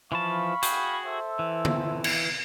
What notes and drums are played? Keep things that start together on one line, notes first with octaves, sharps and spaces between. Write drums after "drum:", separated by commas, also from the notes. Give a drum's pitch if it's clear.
E3 F3 F5 A5 B5 C#6
F#4 G#4 G5, drum: hi-hat
A4 C5 E5
E3
drum: tom D3
drum: cymbal